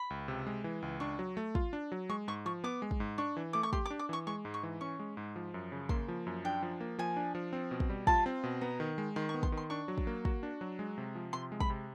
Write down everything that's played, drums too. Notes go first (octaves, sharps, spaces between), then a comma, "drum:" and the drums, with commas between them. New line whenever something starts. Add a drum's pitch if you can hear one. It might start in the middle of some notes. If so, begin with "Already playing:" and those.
Already playing: B5
C#2
C3
G#3
E3
C#2
D4 C#6
F#3
A3
F4, drum: kick
D4
F#3
G#3 C#6
G#2 C#6
F3 C#6
B3 D6
G#3
drum: kick
G#2
D4 C#6
E3
A3 D6
C#6
G4 C6, drum: kick
D6
D4
D6
E3 C#6
G#3 C#6
G#2
C#6
E3
C#4 C#6
G#3
G#2
F3
F#2
C#3
A#3 C6, drum: kick
F3
F#2
D4 G5
F3
A#3
F3 G#5
D4
F3
C4
B2
drum: kick
G3
F4 A5, drum: kick
C4
B2
B3 A#5
D#3
G#3
D#3 C6
C#6
B3
C6, drum: kick
D#3
C6
D4 C#6
F#3
drum: kick
A#3
F#4, drum: kick
D4
F#3
G#3
C3
F3
C3 C6
G#3
B5, drum: kick
C3